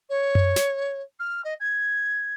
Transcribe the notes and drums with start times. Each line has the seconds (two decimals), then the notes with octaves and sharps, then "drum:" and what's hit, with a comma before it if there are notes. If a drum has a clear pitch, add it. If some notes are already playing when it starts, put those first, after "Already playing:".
0.09 C#5
0.35 drum: tom F#2
0.56 drum: snare
1.19 F6
1.44 D#5
1.60 G#6